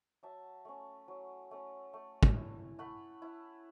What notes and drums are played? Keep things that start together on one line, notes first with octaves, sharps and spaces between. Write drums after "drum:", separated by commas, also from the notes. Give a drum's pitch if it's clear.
F#3 E5 A5
A3 C#4
F#3
A3 C#4
A3
drum: kick
E4
A3 F#5 B5
E4